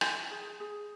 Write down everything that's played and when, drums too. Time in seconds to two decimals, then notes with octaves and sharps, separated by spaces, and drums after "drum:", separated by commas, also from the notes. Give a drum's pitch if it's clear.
0.01 G#5, drum: rim click
0.30 G#4
0.60 G#4